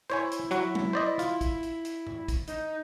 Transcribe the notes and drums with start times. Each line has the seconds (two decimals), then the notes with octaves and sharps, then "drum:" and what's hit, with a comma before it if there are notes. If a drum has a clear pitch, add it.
0.10 E4 C5 C#5 G#5
0.31 drum: hi-hat
0.51 F#3 F#4, drum: hi-hat
0.75 drum: tom
0.93 C5 D5 D#5
1.19 F4, drum: hi-hat
1.41 drum: kick, hi-hat
1.63 drum: hi-hat
1.85 drum: hi-hat
2.07 drum: tom G2
2.28 drum: kick, hi-hat
2.47 D#4, drum: hi-hat